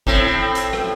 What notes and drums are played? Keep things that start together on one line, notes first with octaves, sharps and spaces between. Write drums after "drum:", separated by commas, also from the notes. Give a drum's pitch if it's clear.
A2 C4, drum: kick G#1
drum: hi-hat
drum: rim click